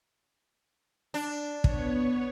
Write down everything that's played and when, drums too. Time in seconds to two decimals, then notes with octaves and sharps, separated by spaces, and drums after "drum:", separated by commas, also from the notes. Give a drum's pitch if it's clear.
1.14 D4
1.64 B3 C#5, drum: kick